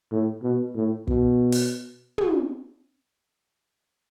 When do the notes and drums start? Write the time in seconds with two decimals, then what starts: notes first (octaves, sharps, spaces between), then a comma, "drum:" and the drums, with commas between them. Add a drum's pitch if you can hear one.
0.11 A2
0.43 B2
0.75 A2
1.07 B2, drum: kick
1.52 drum: open hi-hat
2.18 drum: tom